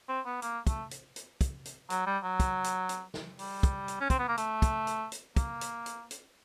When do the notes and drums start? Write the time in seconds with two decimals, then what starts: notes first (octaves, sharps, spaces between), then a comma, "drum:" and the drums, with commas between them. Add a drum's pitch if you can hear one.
0.09 C4
0.26 B3
0.42 A#3, drum: hi-hat
0.67 A3, drum: kick, hi-hat
0.91 drum: hi-hat
1.16 drum: hi-hat
1.41 drum: kick, hi-hat
1.65 drum: hi-hat
1.90 F#3, drum: hi-hat
2.07 G3
2.23 F#3
2.40 drum: kick, hi-hat
2.64 drum: hi-hat
2.89 drum: hi-hat
3.14 drum: snare
3.39 G3, drum: open hi-hat
3.63 drum: kick, hi-hat
3.88 drum: hi-hat
4.01 C#4
4.10 C4, drum: kick, hi-hat
4.19 B3
4.28 A#3
4.38 A3, drum: hi-hat
4.62 drum: kick, hi-hat
4.87 drum: hi-hat
5.12 drum: hi-hat
5.36 A#3, drum: kick, hi-hat
5.61 drum: hi-hat
5.86 drum: hi-hat
6.11 drum: hi-hat